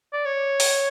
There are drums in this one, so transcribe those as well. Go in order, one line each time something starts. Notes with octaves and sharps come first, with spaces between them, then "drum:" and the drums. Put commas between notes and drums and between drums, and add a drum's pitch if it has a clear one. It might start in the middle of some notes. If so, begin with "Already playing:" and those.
D5
C#5
drum: open hi-hat